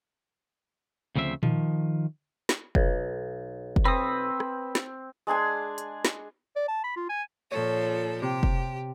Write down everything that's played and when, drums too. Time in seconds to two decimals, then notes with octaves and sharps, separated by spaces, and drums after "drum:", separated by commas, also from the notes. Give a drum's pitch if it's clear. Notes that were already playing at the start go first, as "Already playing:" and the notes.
1.16 D2 C#3 F3 C4 E5
1.43 D#3 F3, drum: tom A#2
2.49 drum: snare
2.75 B1, drum: kick
3.76 drum: kick
3.85 C4 B4 D#6
4.40 drum: rim click
4.75 drum: snare
5.27 G#3 D4 G#4 G#5
5.78 drum: hi-hat
6.05 drum: snare
6.56 D5
6.68 A5
6.84 B5
6.96 F4
7.09 G#5
7.52 A#2 F3 A4 C#5
8.22 C3 G4
8.43 drum: kick